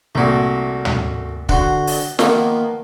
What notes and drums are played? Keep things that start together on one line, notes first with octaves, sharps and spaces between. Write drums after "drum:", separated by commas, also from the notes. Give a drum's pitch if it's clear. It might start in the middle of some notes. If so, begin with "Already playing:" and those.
C2 A#2 A3 F#4
drum: tom
D3 F#4 C5 F#5, drum: kick
drum: open hi-hat
D#3 F3 A#3 B3, drum: snare